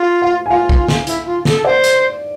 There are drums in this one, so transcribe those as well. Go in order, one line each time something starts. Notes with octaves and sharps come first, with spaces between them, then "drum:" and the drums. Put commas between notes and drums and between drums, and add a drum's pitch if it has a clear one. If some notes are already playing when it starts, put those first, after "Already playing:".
Already playing: F4
F5
G#5
F4 F5
drum: kick
drum: snare
E4, drum: hi-hat
F4
A4, drum: snare
C5 D5
drum: hi-hat